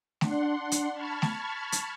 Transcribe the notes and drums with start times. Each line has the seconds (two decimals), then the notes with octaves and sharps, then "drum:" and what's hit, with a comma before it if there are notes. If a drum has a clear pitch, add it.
0.21 D4 F#5 C6, drum: snare A3
0.72 drum: hi-hat
0.92 A5 B5 C#6 F6 G#6
1.22 drum: snare A3
1.72 drum: hi-hat